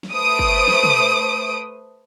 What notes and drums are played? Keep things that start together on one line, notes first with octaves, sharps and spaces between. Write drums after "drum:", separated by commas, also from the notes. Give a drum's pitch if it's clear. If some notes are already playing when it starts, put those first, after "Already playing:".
drum: snare
A3 B4 C5 D#6 D7
drum: kick
drum: snare
drum: tom